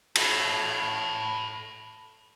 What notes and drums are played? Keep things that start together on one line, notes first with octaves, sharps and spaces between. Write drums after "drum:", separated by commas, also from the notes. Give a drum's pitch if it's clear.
A4 B4, drum: cymbal